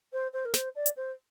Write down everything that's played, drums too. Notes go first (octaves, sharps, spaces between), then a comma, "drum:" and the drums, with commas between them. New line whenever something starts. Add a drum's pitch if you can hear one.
C5
C5
A#4
C5, drum: snare
D5
drum: hi-hat
C5